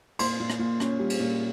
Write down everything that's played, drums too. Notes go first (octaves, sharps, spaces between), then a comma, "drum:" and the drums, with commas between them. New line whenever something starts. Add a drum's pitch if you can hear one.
A#2 C6, drum: cymbal
A#2
drum: rim click
A#2
C#4, drum: rim click
G3
drum: cymbal
A#2